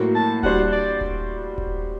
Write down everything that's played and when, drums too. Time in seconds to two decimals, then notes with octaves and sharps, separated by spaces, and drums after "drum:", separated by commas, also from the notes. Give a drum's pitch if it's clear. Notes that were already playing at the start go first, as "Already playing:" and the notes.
Already playing: A2 F#3 A#3 F#4 C5
0.15 A5
0.43 G3 D4 F#4 C5 F#5, drum: kick D#1
0.72 D5
1.01 drum: kick D#1
1.58 drum: kick D#1